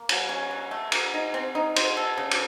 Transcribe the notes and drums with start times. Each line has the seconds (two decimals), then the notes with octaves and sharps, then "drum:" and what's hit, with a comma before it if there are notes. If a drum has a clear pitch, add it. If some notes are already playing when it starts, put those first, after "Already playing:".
Already playing: A#3
0.09 F#3, drum: cymbal
0.29 C#4
0.51 F#3
0.71 A3
0.92 A#4, drum: cymbal
1.14 D#4
1.34 C4
1.55 D#4
1.76 C5, drum: cymbal
1.97 A4
2.17 C#3
2.31 drum: cymbal